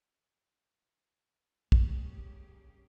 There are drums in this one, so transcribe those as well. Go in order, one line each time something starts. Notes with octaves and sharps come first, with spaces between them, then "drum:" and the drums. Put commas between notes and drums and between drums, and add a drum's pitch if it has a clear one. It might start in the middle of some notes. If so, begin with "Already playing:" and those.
D2 G3 A#3 C#4 G4 G#4, drum: kick